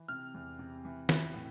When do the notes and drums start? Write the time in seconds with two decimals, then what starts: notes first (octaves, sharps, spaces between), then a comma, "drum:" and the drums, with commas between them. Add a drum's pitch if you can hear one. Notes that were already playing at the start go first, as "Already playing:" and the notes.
Already playing: E3
0.08 C3 F6
0.34 E2
0.59 C3
0.85 E3
1.09 E3, drum: snare
1.34 A2